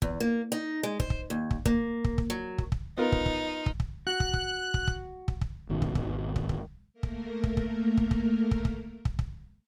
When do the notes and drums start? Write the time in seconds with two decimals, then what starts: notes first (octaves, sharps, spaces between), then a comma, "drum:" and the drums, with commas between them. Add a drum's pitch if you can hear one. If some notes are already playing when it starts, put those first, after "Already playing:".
0.02 E2, drum: kick
0.20 A#3
0.52 D#4
0.83 G#3
1.00 C5, drum: kick
1.10 drum: kick
1.30 D#2
1.51 drum: kick
1.66 A#3, drum: kick
2.04 drum: kick
2.18 drum: kick
2.30 F#3
2.58 drum: kick
2.72 drum: kick
2.98 B3 D#4 F4 A#4
3.12 drum: kick
3.26 drum: kick
3.66 drum: kick
3.80 drum: kick
4.07 F#4 F#6
4.20 drum: kick
4.34 drum: kick
4.74 drum: kick
4.87 drum: kick
5.28 drum: kick
5.41 drum: kick
5.69 G#1 B2 D#3
5.82 drum: kick
5.95 drum: kick
6.36 drum: kick
6.49 drum: kick
6.93 A3 A#3 A#4
7.03 drum: kick
7.44 drum: kick
7.57 drum: kick
7.97 drum: kick
8.11 drum: kick
8.51 drum: kick
8.65 drum: kick
9.05 drum: kick
9.19 drum: kick